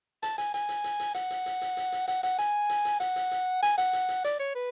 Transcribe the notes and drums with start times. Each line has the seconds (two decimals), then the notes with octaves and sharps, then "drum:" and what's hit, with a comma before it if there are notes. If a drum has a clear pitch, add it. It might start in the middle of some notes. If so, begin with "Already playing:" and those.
0.23 A5, drum: hi-hat
0.38 G#5, drum: hi-hat
0.54 G#5, drum: hi-hat
0.69 drum: hi-hat
0.84 drum: hi-hat
1.00 drum: hi-hat
1.15 F#5, drum: hi-hat
1.31 drum: hi-hat
1.46 drum: hi-hat
1.61 drum: hi-hat
1.77 drum: hi-hat
1.92 drum: hi-hat
2.07 F#5, drum: hi-hat
2.23 F#5, drum: hi-hat
2.38 G#5, drum: hi-hat
2.70 drum: hi-hat
2.85 drum: hi-hat
3.00 F#5, drum: hi-hat
3.16 drum: hi-hat
3.31 drum: hi-hat
3.62 G#5, drum: hi-hat
3.78 F#5, drum: hi-hat
3.93 drum: hi-hat
4.09 drum: hi-hat
4.24 D5, drum: hi-hat
4.39 C#5
4.55 B4